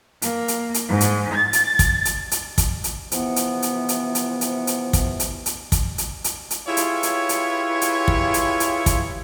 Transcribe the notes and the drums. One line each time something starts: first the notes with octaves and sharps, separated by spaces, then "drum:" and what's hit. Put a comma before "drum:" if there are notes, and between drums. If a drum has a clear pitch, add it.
A#3, drum: hi-hat
drum: hi-hat
drum: hi-hat
G#2
drum: hi-hat
A6
drum: hi-hat
drum: kick, hi-hat
drum: hi-hat
drum: hi-hat
drum: kick, hi-hat
drum: hi-hat
C3 E3 F3 B3, drum: hi-hat
drum: hi-hat
drum: hi-hat
drum: hi-hat
drum: hi-hat
drum: hi-hat
drum: hi-hat
drum: kick, hi-hat
drum: hi-hat
drum: hi-hat
drum: kick, hi-hat
drum: hi-hat
drum: hi-hat
drum: hi-hat
E4 F4 G4 G#4 B4 C#5
drum: hi-hat
drum: hi-hat
drum: hi-hat
drum: hi-hat
drum: kick
drum: hi-hat
drum: hi-hat
drum: kick, hi-hat